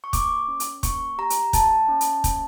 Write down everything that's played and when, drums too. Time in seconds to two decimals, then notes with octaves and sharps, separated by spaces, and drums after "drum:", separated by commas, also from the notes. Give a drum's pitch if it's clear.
0.04 C#6
0.13 A#3 D6, drum: kick, hi-hat
0.48 C#4
0.60 drum: hi-hat
0.83 A#3 C#6, drum: kick, hi-hat
1.18 G4 A#5
1.30 drum: hi-hat
1.53 A#3 A5, drum: kick, hi-hat
1.88 C#4
2.01 drum: hi-hat
2.24 A#3, drum: kick, hi-hat